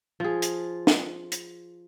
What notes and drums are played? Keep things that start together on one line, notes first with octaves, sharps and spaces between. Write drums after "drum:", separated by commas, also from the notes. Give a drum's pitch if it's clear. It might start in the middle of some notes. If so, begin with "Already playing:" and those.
F3 G#4
drum: hi-hat
drum: snare
drum: hi-hat